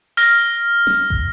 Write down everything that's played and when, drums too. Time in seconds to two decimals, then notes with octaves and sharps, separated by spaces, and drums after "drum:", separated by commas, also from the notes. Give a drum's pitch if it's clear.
0.17 F6 A#6, drum: open hi-hat
0.87 drum: snare
1.10 drum: kick